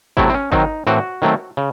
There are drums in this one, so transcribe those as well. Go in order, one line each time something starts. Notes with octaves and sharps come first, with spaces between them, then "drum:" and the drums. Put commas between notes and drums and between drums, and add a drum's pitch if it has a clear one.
C3 F#3 A3 C4 E4, drum: kick G#1
C4
C#4
D#3 F#3 C4 D#4, drum: kick G#1
A2 E3 C4 F#4
D#3 F#3 A3 C4
C#3